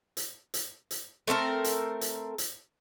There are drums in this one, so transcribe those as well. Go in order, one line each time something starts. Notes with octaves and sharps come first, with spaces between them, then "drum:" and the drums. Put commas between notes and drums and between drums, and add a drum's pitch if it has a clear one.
drum: hi-hat
drum: hi-hat
drum: hi-hat
A3 C4 A4 A#4
drum: hi-hat
drum: hi-hat
drum: hi-hat